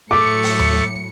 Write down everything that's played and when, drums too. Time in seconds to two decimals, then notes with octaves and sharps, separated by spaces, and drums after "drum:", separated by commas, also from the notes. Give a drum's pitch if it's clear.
0.11 A2 F#3 A3 D6 C#7
0.43 drum: open hi-hat
0.59 drum: tom D#2